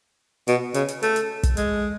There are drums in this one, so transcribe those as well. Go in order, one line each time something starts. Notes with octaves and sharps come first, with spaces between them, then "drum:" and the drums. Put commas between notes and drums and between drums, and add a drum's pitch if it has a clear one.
B2, drum: hi-hat
C#3, drum: hi-hat
drum: hi-hat
A3, drum: hi-hat
drum: hi-hat
drum: kick, hi-hat
G#3, drum: hi-hat